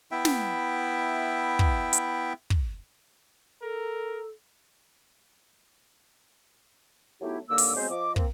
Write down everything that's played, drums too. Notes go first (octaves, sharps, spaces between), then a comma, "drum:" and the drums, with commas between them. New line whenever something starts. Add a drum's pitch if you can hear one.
B3 E4 E5 G5
drum: snare
drum: kick
drum: hi-hat
drum: kick
A4 A#4
F#3 A3 B3 D#4 E4 G4
D#2 D3 A#3 D6 E6
drum: open hi-hat
F#3 G#3 B3 C4 C5
F3 D#5 D6
A#3 C4, drum: kick